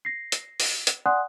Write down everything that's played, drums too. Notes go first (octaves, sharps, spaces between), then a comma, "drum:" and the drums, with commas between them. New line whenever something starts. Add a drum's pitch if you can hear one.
A#6 C7
drum: hi-hat
drum: open hi-hat
drum: hi-hat
D5 F#5 G#5 C6 D#6 F#6